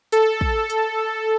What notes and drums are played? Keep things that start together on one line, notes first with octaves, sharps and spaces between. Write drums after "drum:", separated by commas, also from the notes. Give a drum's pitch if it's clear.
A4, drum: hi-hat
drum: kick
drum: hi-hat